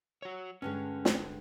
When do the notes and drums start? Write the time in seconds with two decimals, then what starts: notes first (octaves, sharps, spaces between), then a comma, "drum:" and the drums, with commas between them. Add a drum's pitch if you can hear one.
0.22 F#4 C#5
0.62 G2 D3 G#3 C#4
1.05 drum: snare